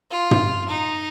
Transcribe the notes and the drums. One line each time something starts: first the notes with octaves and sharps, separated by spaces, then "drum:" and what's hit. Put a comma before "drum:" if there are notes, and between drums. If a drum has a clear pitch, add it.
F4
drum: tom
D#4